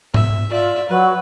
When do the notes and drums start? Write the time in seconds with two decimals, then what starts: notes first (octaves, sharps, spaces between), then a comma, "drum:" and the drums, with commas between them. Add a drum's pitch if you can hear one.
0.14 E5, drum: tom G#2
0.50 F4 D5 E5
0.89 F#3 B4